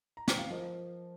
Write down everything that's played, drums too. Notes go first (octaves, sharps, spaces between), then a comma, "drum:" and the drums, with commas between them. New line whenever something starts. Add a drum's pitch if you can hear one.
A#5
G5, drum: snare
F5
F3 A#4 D#5